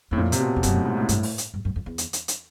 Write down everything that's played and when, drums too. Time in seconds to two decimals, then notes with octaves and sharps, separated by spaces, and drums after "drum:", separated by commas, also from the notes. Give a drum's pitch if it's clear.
0.11 E2 A2
0.17 F2 A#2
0.32 C3, drum: hi-hat
0.40 B2
0.56 F2
0.63 F#2 B2, drum: kick E1, hi-hat
0.74 A2
0.85 G#2
0.97 A2
1.09 G2, drum: hi-hat
1.23 drum: open hi-hat
1.38 drum: hi-hat
1.54 G2
1.65 F#2
1.76 F2
1.86 E2
1.98 drum: hi-hat
2.13 drum: hi-hat
2.28 drum: hi-hat